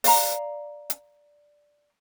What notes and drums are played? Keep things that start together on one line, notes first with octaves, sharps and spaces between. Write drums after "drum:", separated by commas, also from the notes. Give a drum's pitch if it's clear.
D5 F5 A#5, drum: open hi-hat
drum: hi-hat